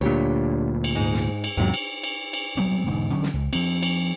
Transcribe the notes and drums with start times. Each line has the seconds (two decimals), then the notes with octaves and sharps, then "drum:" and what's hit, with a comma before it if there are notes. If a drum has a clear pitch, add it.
0.01 D2 A#2 D4 G4 C#5
0.84 drum: cymbal
0.95 G#2 D#4
1.14 drum: snare
1.44 drum: cymbal
1.57 E2 G#2 C3 F#3
1.74 drum: cymbal
2.03 drum: cymbal
2.33 drum: cymbal
2.57 F#3 G3 B3 C4
2.86 E1 G#2 D3
3.11 D3 F#3 C#4
3.23 drum: snare
3.34 C#2
3.53 F3 C4, drum: cymbal
3.83 drum: cymbal